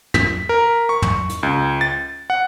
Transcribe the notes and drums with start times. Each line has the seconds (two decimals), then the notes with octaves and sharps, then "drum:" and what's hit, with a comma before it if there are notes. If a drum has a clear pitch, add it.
0.14 B6, drum: tom
0.49 A#4
0.89 C#6
1.02 drum: tom
1.29 drum: hi-hat
1.43 C#2
1.81 A6
2.30 F#5